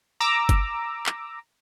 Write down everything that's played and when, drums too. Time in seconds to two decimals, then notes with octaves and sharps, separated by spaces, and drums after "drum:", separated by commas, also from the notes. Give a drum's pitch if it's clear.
0.20 A#5 D6 E6
0.49 drum: kick G1, hi-hat
1.06 drum: clap